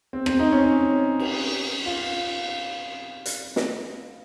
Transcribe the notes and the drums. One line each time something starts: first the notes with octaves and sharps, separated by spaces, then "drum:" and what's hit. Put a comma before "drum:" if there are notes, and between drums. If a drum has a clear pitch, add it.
C4
C4, drum: rim click
D#4
C#4
C#4
drum: cymbal
F4
drum: hi-hat
drum: snare